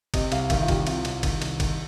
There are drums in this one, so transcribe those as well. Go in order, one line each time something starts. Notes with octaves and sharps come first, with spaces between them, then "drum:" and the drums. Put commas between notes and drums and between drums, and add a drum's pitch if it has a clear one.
C3 D#5, drum: kick, cymbal
C2 F5, drum: cymbal
D#3 F5, drum: kick, cymbal
F4
C2 G4, drum: kick, cymbal
C3 F4, drum: cymbal
C2, drum: cymbal
D#3, drum: kick, cymbal
C2, drum: cymbal
D#3, drum: kick, cymbal